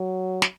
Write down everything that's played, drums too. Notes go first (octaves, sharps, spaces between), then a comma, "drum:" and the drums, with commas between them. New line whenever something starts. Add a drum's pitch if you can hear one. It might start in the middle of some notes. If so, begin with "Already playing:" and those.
Already playing: F#3
drum: snare